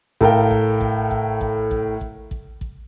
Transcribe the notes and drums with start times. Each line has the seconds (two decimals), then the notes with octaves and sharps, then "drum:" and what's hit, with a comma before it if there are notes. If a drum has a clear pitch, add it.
0.21 A2 A4 A#4 F5 G5, drum: kick
0.51 drum: kick
0.81 drum: kick
1.11 drum: kick
1.41 drum: kick
1.71 drum: kick
2.01 drum: kick
2.31 drum: kick
2.61 drum: kick